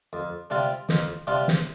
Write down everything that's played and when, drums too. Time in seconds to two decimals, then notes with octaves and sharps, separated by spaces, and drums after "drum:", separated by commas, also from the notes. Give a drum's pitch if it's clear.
0.13 F2
0.50 C3 G3 D4 F4
0.89 F2, drum: snare
1.27 C3 G3 D4 F4
1.48 drum: snare